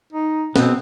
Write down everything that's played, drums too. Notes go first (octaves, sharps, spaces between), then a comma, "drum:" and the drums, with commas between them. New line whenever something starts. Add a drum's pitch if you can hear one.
D#4
B2 B3 C4, drum: snare